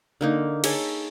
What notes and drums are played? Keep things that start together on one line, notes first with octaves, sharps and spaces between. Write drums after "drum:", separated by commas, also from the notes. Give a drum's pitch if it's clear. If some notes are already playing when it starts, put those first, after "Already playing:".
D3 A#3 D#4
G#4 A4 C#5, drum: cymbal